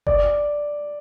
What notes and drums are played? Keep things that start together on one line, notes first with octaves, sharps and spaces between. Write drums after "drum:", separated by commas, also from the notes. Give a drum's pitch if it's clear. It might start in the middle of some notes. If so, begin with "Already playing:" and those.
D5, drum: kick F#1